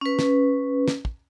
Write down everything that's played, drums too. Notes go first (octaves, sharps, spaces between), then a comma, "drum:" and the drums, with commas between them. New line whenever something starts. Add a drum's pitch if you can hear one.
C#4 B4
drum: snare
drum: snare
drum: kick